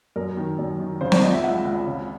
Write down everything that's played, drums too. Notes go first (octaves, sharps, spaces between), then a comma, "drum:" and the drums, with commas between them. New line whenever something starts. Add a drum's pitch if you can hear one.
F#2 A#4
D#3
F#2
D#3
C#3 C5
D5, drum: snare
C#2 D#5
E5
C#2 F#5
C#2
C#3